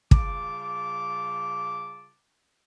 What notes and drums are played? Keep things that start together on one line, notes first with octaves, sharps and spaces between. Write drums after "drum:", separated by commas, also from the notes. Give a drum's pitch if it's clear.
C#3 G3 F4 A5 D6, drum: kick